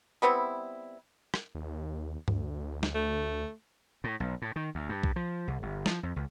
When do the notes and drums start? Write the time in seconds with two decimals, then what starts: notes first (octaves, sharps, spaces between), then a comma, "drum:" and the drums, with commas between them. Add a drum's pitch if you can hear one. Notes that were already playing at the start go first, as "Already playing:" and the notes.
0.22 G3 B3 C4 E4
1.34 drum: rim click
1.55 D#2
2.28 D2, drum: tom G2
2.83 drum: snare
2.95 A3
4.04 A2
4.20 B1
4.42 A2
4.56 D#3
4.75 D2
4.89 G2
5.03 drum: kick B1
5.16 F3
5.48 C2
5.63 G1
5.86 F3, drum: snare
6.03 F2
6.16 C#2